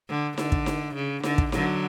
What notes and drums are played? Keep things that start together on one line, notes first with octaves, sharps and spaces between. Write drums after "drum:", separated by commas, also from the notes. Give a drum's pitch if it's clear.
D3
D3, drum: snare D#4
drum: kick
drum: snare D#4
C#3
D3, drum: snare D#4
drum: kick
D3 F#3, drum: snare D#4